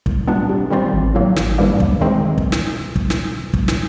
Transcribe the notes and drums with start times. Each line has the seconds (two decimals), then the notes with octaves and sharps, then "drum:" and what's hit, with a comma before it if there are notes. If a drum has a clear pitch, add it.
0.06 C2, drum: kick
0.27 A#2 G3 B3 D4
0.49 C3
0.70 D#3 G3 C4 F4
0.93 A1
1.14 A2 F#3 A#3
1.36 G#1, drum: snare
1.58 G2 E3 G3 A#3
1.80 D#2, drum: kick
2.01 D#3 G#3 C4
2.38 drum: kick
2.52 drum: snare
2.96 drum: kick
3.10 drum: snare
3.54 drum: kick
3.68 drum: snare